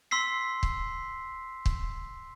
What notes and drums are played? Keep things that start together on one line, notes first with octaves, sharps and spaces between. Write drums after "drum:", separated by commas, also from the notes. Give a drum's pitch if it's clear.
C6 E6 B6 C7
drum: kick
drum: kick